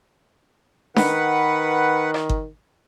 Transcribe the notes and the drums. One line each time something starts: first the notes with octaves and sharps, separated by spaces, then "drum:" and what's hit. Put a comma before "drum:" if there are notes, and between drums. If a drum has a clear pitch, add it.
D#3 B4 F#5, drum: snare D4
drum: rim click
drum: kick G1